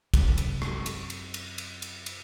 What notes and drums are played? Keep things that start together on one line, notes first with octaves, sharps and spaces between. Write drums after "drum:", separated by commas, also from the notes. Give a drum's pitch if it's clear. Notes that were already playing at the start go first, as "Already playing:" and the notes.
F#2 C3, drum: kick, cymbal
drum: cymbal
drum: rim click
drum: cymbal
drum: cymbal
drum: cymbal
drum: cymbal
drum: cymbal
drum: cymbal